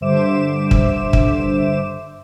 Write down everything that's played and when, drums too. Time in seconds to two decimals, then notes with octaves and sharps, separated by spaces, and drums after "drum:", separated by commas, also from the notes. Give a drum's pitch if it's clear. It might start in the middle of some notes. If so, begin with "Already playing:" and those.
0.01 G2 D3 C5 E5 D6 E7
0.71 drum: kick
1.13 drum: kick